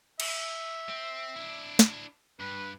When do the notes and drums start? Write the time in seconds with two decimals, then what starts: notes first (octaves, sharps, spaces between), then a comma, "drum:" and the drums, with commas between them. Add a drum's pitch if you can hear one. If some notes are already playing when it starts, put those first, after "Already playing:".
0.20 E5, drum: cymbal
0.89 C4
1.36 D4 E4
1.79 drum: snare
2.40 G2 B4